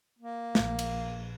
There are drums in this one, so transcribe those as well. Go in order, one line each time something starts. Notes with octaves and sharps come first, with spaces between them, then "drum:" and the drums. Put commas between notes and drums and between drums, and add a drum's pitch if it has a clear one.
A#3
A#1, drum: snare
drum: cymbal